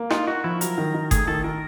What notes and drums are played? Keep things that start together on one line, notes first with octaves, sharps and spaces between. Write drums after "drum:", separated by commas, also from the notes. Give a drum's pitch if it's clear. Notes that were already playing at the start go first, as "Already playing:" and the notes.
Already playing: A#3
D#4 F4, drum: rim click
D#4 F#4
F3 E4
F#3 A#4, drum: hi-hat
D#3
D#3
A3 G#4, drum: kick F#1, hi-hat
D#3 A4
D#3 A#4